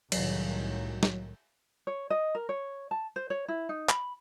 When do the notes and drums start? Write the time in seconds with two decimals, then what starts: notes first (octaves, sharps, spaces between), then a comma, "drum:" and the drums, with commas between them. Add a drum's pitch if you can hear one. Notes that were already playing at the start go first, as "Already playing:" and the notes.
0.12 C2 A2 D#3 F#3, drum: cymbal
1.03 drum: snare
1.87 C#5
2.10 D#5
2.35 A#4
2.49 C#5
2.91 A5
3.16 C5
3.30 C#5
3.48 E4
3.69 D#4
3.89 B5, drum: clap